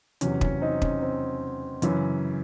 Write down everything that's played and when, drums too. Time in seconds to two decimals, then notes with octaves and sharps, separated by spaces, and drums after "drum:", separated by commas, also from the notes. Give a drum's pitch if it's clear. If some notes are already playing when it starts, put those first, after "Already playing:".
0.21 E2 C3 F#3 C#4, drum: hi-hat
0.41 C#4, drum: kick
0.61 C4 D#4
0.82 C#4, drum: kick
1.02 C4
1.82 F#2 C#3 E3 C#4, drum: hi-hat